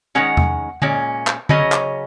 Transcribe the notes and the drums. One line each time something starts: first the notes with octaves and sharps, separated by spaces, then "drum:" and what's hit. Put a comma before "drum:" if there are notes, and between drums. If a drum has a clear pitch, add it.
D#3 G#3 C#4 F#5
drum: tom E2
A#2 G#3 C#4, drum: tom D3
drum: clap
C#3 F#3 C#4 D#5, drum: tom D3
drum: clap